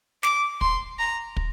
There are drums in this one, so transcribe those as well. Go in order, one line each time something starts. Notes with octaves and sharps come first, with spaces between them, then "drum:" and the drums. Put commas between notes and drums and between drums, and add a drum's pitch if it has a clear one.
D6, drum: snare
C6, drum: kick
A#5
drum: kick